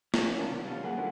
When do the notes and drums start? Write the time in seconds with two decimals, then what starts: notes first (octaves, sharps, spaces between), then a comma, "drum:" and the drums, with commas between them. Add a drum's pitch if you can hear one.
0.14 A#3 C#4, drum: snare
0.39 C3 D#3 C#4 D4 F4 A#4
0.52 C3 D#3 B3
0.65 G3 C#4 F4
0.83 F#2 A#3 G#4 B4 F#5
0.97 D3 F3 F#3 C#4 E4